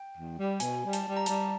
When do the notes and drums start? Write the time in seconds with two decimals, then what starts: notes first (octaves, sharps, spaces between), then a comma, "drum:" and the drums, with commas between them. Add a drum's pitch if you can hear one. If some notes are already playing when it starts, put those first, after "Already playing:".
Already playing: G5
0.15 E2
0.38 G3
0.60 B2 G#5, drum: hi-hat
0.82 G3
0.93 A5, drum: hi-hat
1.04 G3
1.17 A#5
1.26 G3 A5, drum: hi-hat